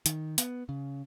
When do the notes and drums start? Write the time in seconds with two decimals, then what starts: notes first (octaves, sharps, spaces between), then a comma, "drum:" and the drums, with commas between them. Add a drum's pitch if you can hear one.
0.06 D#3, drum: hi-hat
0.38 B3, drum: hi-hat
0.69 C#3